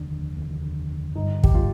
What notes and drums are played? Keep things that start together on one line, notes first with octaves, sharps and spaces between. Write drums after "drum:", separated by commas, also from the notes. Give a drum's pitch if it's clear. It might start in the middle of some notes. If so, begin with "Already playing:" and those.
Already playing: F1 D#2 D3 D4
F1 D#2 D3
G1 G2 D3 G3 D#4
G4, drum: kick
F4